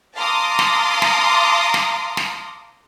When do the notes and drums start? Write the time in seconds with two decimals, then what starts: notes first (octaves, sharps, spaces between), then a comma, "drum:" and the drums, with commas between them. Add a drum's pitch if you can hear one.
0.15 F5 A5 A#5 C6 D6 D#6
0.59 drum: snare
1.02 drum: snare
1.74 drum: snare
2.17 drum: snare